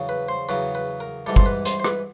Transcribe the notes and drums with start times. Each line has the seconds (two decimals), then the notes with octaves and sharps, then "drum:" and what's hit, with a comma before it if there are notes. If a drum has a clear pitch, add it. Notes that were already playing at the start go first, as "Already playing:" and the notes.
Already playing: E2 C#3 F#3
0.09 B4
0.28 C5
0.49 E2 C#3 F#3 B4
0.75 B4
1.00 A#4
1.26 G#2 E3 G3 A4
1.36 C5, drum: kick
1.46 B4
1.65 C5, drum: hi-hat
1.80 C5
1.84 B4, drum: rim click